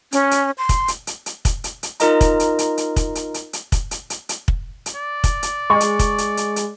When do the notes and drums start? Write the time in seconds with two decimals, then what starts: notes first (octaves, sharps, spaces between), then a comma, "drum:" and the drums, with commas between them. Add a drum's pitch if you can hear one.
0.12 C#4, drum: hi-hat
0.31 drum: hi-hat
0.58 C6
0.69 drum: kick, hi-hat
0.88 drum: hi-hat
1.07 drum: hi-hat
1.26 drum: hi-hat
1.45 drum: kick, hi-hat
1.64 drum: hi-hat
1.83 drum: hi-hat
2.00 D#4 F4 A#4 D#5 A#5, drum: hi-hat
2.21 drum: kick, hi-hat
2.40 drum: hi-hat
2.59 drum: hi-hat
2.77 drum: hi-hat
2.96 drum: kick, hi-hat
3.15 drum: hi-hat
3.34 drum: hi-hat
3.53 drum: hi-hat
3.72 drum: kick, hi-hat
3.91 drum: hi-hat
4.10 drum: hi-hat
4.29 drum: hi-hat
4.48 drum: kick
4.86 drum: hi-hat
4.95 D5
5.24 drum: kick, hi-hat
5.43 drum: hi-hat
5.70 G#3 C#6
5.80 drum: hi-hat
5.99 drum: kick, hi-hat
6.18 drum: hi-hat
6.37 drum: hi-hat
6.56 drum: hi-hat